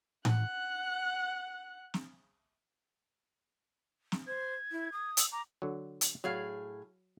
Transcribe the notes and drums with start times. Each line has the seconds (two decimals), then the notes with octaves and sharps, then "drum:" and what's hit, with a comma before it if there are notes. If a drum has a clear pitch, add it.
0.25 F#5 F#6, drum: tom A2
1.94 drum: snare
4.12 drum: snare
4.27 C5 G#6
4.72 E4
4.92 D#6
5.17 E6, drum: hi-hat
5.32 A#5 D6
5.62 D3 F#3
6.01 drum: hi-hat
6.24 A2 F#3 G#4 F5